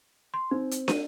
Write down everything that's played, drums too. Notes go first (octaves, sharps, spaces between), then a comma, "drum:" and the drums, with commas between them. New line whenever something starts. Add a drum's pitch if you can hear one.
C6
C4 D#4
drum: hi-hat
D#7, drum: snare